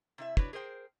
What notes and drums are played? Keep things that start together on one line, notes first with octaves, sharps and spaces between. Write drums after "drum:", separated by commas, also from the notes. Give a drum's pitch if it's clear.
C3 E4 E5
D4 E4 F#4 B4 C#5, drum: kick
G#4 A#4 C5 G5